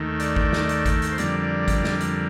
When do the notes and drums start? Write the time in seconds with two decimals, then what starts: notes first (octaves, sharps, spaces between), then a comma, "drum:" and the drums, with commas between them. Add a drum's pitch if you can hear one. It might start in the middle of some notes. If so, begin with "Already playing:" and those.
Already playing: D#2 D#3 A3
0.20 D5, drum: hi-hat
0.36 drum: kick G#1
0.53 drum: snare
0.69 drum: hi-hat
0.86 drum: kick G#1, hi-hat
1.02 drum: hi-hat
1.12 C5
1.18 F2 D3 G3 A#3 D5, drum: hi-hat
1.43 D5
1.68 drum: kick G#1, hi-hat
1.84 drum: snare
2.01 drum: hi-hat